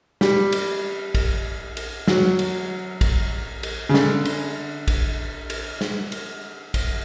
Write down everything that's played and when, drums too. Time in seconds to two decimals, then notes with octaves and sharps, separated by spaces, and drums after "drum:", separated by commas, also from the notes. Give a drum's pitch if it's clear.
0.21 G3, drum: snare
0.52 drum: cymbal
1.15 drum: kick, cymbal
1.77 drum: cymbal
2.07 F#3, drum: snare
2.39 drum: cymbal
3.01 drum: kick, cymbal
3.63 drum: cymbal
3.89 C#3
3.94 D3, drum: snare
4.25 drum: cymbal
4.88 drum: kick, cymbal
5.50 drum: cymbal
5.81 drum: snare
6.12 drum: cymbal
6.74 drum: kick, cymbal